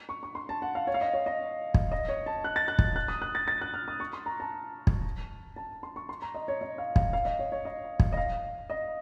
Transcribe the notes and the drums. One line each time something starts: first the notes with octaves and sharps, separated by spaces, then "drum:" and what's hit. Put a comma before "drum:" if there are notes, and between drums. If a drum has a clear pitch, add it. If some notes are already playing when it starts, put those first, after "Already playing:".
C#6
C#6
C6
A5
F#5
F5
C#5
F5
D#5
C#5
D#5
drum: kick
D#5
C#5
A5
F#6
A6
F#6
drum: kick
F#6
D#6
F#6
A6
A6
F#6
F6
D#6
C#6
C6
A#5
A5
drum: kick
A5
C6
C#6
C6
A#5
D#5
C#5
D#5
F5
F5, drum: kick
F5
D#5
C#5
C#5
D#5
drum: kick
D#5
F5
D#5